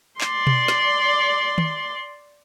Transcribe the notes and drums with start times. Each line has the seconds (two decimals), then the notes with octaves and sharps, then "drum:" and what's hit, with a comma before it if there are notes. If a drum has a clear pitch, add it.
0.21 D5 C6, drum: clap
0.47 drum: tom B2
0.68 drum: snare
1.58 drum: tom D#3